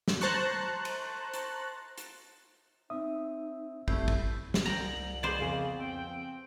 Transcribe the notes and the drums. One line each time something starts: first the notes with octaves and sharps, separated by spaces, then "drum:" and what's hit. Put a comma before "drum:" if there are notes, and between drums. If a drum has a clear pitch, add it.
drum: snare
C5 A5 A#5 C#6 F#6
drum: cymbal
drum: hi-hat
drum: hi-hat
C4 D#4 E5 D#6
G3 A3 C4 E4 G6 C7, drum: kick
drum: kick
drum: snare
C2 C4 G5 A#5 F#7
G#4 B4 C5 D5 D#5
F2 C#3 B3 G#5
C4 G5